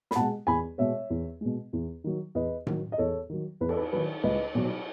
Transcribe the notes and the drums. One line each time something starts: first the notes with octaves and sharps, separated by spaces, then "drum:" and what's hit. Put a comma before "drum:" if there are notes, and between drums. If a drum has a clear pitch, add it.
B5, drum: snare
B2 G#3 F#5 A5
E2 G#5 B5
B2 G#3 C#5 E5
E2
B2 G#3
E2
D#3 F#3
E2 B4 D#5
D#3 F#3, drum: tom A2
D#5
E2 A4 C#5
D#3 F#3
E2 B4
A4, drum: cymbal
B4
D#3 F#3 B4
C#2 B4 D#5
B2 F#3, drum: cymbal